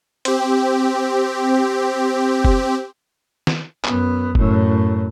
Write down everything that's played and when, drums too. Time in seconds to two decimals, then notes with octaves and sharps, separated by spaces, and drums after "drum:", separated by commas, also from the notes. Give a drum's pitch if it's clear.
0.25 C4 G4, drum: hi-hat
2.45 drum: kick F1
3.47 drum: snare
3.85 F#2 B3, drum: clap
4.35 F#2 A2, drum: kick F1